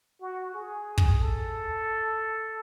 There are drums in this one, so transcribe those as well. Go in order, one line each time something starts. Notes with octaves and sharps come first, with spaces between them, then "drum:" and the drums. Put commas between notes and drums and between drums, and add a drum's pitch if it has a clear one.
F#4
G#4
drum: kick
A4